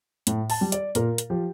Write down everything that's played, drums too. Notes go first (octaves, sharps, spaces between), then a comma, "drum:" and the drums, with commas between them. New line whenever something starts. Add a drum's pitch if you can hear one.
A2, drum: hi-hat
A5, drum: open hi-hat
G3
D5, drum: hi-hat
A#2 A#4, drum: hi-hat
drum: hi-hat
F3 G4